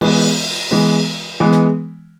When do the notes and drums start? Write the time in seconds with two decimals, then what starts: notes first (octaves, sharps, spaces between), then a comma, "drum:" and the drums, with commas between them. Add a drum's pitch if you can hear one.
0.01 E3 G#3 B3, drum: cymbal
0.71 E3 G#3 B3
1.40 E3 G#3 B3
1.52 drum: snare